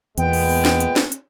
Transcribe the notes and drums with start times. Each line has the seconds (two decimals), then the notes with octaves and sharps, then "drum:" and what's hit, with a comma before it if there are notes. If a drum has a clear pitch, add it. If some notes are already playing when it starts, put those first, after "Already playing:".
0.18 E2 A#2 G#3 B3 G5, drum: hi-hat
0.33 drum: open hi-hat
0.49 drum: open hi-hat
0.65 drum: snare
0.80 drum: hi-hat
0.96 drum: snare
1.12 drum: hi-hat